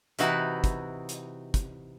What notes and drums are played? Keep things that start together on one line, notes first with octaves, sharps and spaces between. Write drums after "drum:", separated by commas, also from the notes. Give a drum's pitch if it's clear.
C3 E3 D#4 E4 F#4 B4, drum: hi-hat
drum: kick, hi-hat
drum: hi-hat
drum: kick, hi-hat